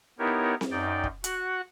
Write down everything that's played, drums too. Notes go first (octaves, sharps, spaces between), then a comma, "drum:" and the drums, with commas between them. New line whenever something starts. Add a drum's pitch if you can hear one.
B3 D#4 E4 G4 A#4 C#5
drum: snare C4
F#2 D#4 D5 G5
drum: kick
F#4 F#5 F#6, drum: hi-hat